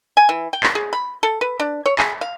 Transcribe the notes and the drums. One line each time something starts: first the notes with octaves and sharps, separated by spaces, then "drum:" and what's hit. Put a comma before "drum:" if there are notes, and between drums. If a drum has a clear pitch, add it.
G#5
E3
G5
drum: clap
G#4
B5
A4
B4
D4
C#5
G#4, drum: clap
F5